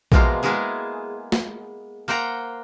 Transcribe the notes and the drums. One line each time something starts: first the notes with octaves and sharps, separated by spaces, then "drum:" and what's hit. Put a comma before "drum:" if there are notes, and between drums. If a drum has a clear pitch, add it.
B2 E3 F3 G#3 A#3 F4, drum: kick A#1
G#3 A#3 B3 E4 G#4
drum: snare
A#3 C5 F#5 G5 A#5